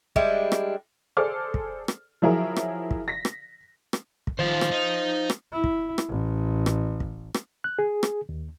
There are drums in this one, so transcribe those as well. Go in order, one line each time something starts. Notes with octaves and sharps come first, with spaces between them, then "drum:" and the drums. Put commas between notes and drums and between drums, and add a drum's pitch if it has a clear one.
G3 G#3 D4 E4, drum: kick
drum: rim click
G#4 A4 C5 D5 D6 F6
drum: kick
drum: rim click
F3 F#3 E4 G#4 A#4
drum: rim click
drum: kick
A#6 B6
drum: rim click
drum: rim click
drum: kick
D#3 F4 C5 F5
drum: rim click
D#4
drum: rim click
E4
drum: kick
drum: rim click
A1
drum: rim click
drum: kick
drum: rim click
F#6
G#4
drum: rim click
D#2